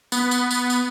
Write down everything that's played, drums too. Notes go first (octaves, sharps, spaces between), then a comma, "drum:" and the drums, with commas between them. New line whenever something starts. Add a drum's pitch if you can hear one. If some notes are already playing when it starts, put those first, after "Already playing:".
B3, drum: tambourine
drum: tambourine
drum: tambourine
drum: tambourine